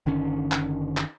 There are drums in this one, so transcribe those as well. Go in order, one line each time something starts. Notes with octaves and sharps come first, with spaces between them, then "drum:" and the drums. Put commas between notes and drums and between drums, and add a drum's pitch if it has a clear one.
F#1 D3 D#3 C#4
drum: clap
drum: clap